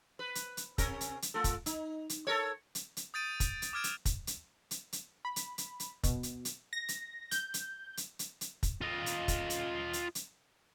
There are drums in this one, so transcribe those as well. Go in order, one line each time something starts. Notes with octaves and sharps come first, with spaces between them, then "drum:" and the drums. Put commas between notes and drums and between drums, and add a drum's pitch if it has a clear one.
B4
drum: hi-hat
drum: hi-hat
C3 C#4 A#4, drum: kick, hi-hat
drum: hi-hat
drum: hi-hat
A3 F4 A4
drum: kick, hi-hat
D#4, drum: hi-hat
drum: hi-hat
A4 A#4 C#5
drum: hi-hat
drum: hi-hat
D#6 G6 A6 D7 D#7
drum: kick, hi-hat
drum: hi-hat
D6 D#6 F6 G#6 D7 E7
drum: hi-hat
drum: kick, hi-hat
drum: hi-hat
drum: hi-hat
drum: hi-hat
B5
drum: hi-hat
drum: hi-hat
drum: hi-hat
B2, drum: kick, hi-hat
drum: hi-hat
drum: hi-hat
A#6
drum: hi-hat
G6, drum: hi-hat
drum: hi-hat
drum: hi-hat
drum: hi-hat
drum: hi-hat
drum: kick, hi-hat
F4 D#5
drum: hi-hat
drum: kick, hi-hat
drum: hi-hat
drum: hi-hat
drum: hi-hat